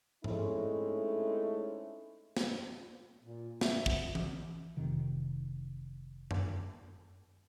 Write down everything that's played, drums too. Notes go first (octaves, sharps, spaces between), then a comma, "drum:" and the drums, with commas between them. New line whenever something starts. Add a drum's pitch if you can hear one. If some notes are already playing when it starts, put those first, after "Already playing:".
G#3 A3 C4 C#4 D#4 E4, drum: tom G#2
drum: snare
A#2
C4 E5, drum: snare
B3, drum: kick
drum: tom E3
F1 F2 C3 D#3
drum: tom F#2